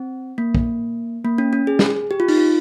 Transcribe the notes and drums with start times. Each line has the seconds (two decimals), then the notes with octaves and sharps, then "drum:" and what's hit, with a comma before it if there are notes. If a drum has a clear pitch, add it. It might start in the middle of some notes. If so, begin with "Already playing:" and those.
Already playing: C4
0.38 A#3
0.55 drum: kick
1.25 A#3
1.38 C#4
1.53 C#4
1.67 G#4
1.79 drum: snare
2.11 G4
2.20 F4
2.28 D#4, drum: open hi-hat
2.37 F4